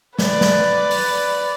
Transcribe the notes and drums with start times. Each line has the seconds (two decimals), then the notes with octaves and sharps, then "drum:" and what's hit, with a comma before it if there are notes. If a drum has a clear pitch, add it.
0.19 B4 D5, drum: snare
0.41 drum: snare
0.91 drum: open hi-hat